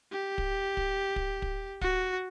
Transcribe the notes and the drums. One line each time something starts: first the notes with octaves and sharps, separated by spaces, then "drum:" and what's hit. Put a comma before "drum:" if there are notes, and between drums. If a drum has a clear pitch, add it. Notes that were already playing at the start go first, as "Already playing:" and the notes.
G4
drum: kick
drum: kick
drum: kick
drum: kick
F#4, drum: kick